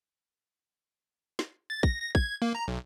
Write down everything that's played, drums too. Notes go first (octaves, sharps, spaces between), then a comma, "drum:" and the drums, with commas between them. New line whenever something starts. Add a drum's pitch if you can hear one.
drum: snare
A6
A#6, drum: kick
A#6
G#6, drum: kick
A#3
A#5
B1